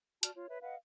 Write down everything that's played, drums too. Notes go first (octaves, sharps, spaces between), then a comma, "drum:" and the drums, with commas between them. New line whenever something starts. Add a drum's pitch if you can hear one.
F#4 D5 A5 F6, drum: hi-hat
F4 C#5
B4 C#5 E5
B4 D#5 F5 F#5